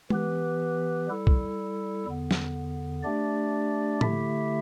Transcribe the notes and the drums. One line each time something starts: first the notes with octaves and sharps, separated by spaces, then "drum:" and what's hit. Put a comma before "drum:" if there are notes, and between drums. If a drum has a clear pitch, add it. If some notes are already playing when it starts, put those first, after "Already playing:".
E3 B3 G4 B4, drum: tom G#3
G3 E4 A4
drum: kick B1
E2 D3 B3
drum: snare
A3 D4 G4 D5
D3 A3 E4 G4 E5, drum: tom A2